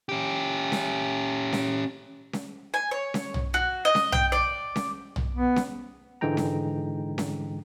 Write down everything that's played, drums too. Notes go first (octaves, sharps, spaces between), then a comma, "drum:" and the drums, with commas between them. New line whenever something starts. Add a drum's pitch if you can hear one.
C#4 G4
drum: snare C#4
drum: snare C#4
drum: snare C#4
G#5
C#5
drum: snare C#4
drum: tom
F#4
D#5
drum: snare C#4
G5, drum: tom
D5
drum: snare C#4
drum: tom
B3
drum: snare C#4
G#2 D3 E3 G#3 G5 A#5
drum: snare C#4
drum: snare C#4